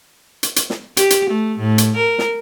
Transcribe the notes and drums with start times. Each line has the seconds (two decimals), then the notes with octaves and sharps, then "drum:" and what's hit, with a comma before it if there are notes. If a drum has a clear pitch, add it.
0.43 drum: hi-hat
0.56 drum: hi-hat
0.70 drum: snare
0.97 G4, drum: hi-hat
1.10 drum: hi-hat
1.30 A3
1.59 A2
1.78 drum: hi-hat
1.97 A#4
2.19 drum: snare